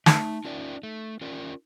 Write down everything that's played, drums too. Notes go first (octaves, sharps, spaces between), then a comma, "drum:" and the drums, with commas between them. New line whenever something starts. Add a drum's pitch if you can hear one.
A3 D#4, drum: snare
C#4 F4 A#4 D5
A3
C#4 F4 A#4 D5